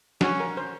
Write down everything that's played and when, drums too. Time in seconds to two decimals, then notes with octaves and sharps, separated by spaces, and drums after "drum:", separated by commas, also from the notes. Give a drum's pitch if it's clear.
0.21 C#4 F#4, drum: snare
0.40 A#4
0.57 C5